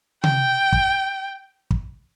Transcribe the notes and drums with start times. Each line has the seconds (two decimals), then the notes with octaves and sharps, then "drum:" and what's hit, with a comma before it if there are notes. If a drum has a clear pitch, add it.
0.24 G5, drum: tom C3
0.72 drum: kick
1.71 drum: kick